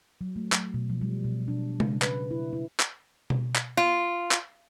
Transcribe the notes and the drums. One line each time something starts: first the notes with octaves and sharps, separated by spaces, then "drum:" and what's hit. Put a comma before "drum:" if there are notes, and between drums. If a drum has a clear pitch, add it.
F#3
A3
F#3, drum: clap
B2
F3
G3
B2
D4
C#3, drum: tom G#3
B4, drum: clap
E4
E4
drum: clap
drum: tom B2
drum: clap
F4
drum: clap